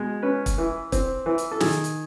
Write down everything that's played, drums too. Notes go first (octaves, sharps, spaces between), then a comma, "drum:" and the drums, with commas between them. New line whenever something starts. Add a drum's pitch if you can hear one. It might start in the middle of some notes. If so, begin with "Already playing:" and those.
Already playing: B2 G#3
C#4 B4
drum: kick, hi-hat
E3
C4, drum: kick, hi-hat
E3
drum: hi-hat
A4
D#3 G#4, drum: snare
drum: hi-hat